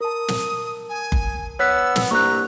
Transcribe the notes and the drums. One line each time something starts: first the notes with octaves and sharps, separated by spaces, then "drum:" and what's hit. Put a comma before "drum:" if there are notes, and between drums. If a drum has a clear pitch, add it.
A#4 A5 D#6
drum: snare
G#5
drum: kick F#1
B3 C#5 E6 F#6 B6
drum: snare
C2 A#3 D4 A#5 C#6 F#6